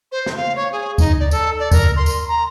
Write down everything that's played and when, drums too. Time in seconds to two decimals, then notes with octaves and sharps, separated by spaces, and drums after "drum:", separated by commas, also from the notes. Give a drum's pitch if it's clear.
0.11 C5
0.26 drum: snare
0.36 F5
0.56 C#5
0.72 G#4
0.98 D#4, drum: kick D2, tambourine
1.19 D5
1.31 A4, drum: tambourine
1.59 D5
1.72 A#4, drum: kick D2, tambourine
1.96 C6
2.06 drum: tambourine
2.28 A#5